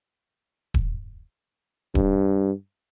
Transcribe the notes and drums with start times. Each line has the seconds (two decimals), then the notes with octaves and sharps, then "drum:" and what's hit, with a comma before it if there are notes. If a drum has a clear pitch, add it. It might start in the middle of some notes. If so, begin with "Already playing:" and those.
0.74 drum: kick D#1
1.95 G2, drum: kick D#1